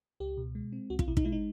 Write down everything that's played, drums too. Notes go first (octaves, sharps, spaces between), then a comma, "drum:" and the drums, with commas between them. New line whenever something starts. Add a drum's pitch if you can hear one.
C#2 G4
B2
G#3
C4
C#2 F#4
F4, drum: kick
B2 E4
D#4, drum: kick
G#3 E4
D#4